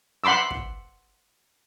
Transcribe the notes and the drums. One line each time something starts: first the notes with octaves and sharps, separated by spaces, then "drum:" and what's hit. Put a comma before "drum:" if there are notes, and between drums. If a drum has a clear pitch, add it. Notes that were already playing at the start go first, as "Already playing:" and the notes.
F#5 B5 C6 D6 E6
drum: kick